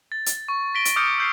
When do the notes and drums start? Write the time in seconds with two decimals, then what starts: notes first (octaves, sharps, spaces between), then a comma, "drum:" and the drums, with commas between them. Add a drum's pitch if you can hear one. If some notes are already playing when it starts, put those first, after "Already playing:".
0.12 A6
0.26 drum: hi-hat
0.48 C#6
0.75 A#6 B6 D7 G7
0.85 drum: hi-hat
0.96 D6 D#6 F6 G6 C#7 D7
1.18 E6 G6 C7